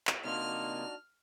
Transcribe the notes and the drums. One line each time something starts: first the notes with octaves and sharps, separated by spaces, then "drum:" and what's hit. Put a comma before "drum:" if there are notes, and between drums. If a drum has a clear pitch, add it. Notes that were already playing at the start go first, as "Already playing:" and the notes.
drum: clap
C3 A#3 D4 D#4 F4 F#4 D5 F6